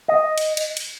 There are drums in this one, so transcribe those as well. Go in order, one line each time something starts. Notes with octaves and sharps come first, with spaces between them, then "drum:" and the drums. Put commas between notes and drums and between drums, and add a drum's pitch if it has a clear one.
D#5
drum: cymbal
drum: cymbal
drum: cymbal